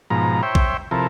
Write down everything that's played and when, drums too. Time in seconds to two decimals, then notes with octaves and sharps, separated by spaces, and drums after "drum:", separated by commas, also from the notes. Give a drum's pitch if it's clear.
0.10 G#2 B2 F3 A#5
0.43 C5 C#5 E5 G5
0.55 drum: kick A#1
0.91 C3 F3 E4 A4 A#4